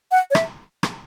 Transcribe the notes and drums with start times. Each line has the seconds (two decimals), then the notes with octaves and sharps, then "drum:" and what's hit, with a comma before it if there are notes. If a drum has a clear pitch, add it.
0.11 F#5
0.31 C#5
0.35 E5, drum: rim click
0.83 drum: rim click